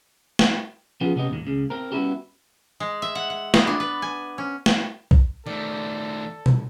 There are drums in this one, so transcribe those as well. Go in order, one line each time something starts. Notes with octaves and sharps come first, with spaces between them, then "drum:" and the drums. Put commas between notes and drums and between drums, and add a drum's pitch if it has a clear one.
drum: snare
F3 B3 C#4 F4 G#4
C3 B3 C#4 G4 D#5
D#2 G#2 D#3
C#2 C#3
C4 A#4
G3 B3 C#4 E4 F#4 G4
G#3
E5
F#5
F#5
B3, drum: snare
D4
B4
G#5
C#4
drum: snare
drum: kick B1
D#3 A3 A4 D5
drum: tom B2